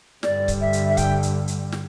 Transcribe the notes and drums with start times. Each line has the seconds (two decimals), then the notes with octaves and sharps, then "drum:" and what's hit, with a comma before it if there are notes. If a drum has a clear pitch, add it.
0.23 G2 D3 G3 D5, drum: snare
0.48 drum: kick C#1, hi-hat
0.61 E5
0.73 drum: hi-hat
0.88 E5
0.97 G5, drum: kick C#1, hi-hat
1.23 drum: hi-hat
1.48 drum: hi-hat
1.72 drum: snare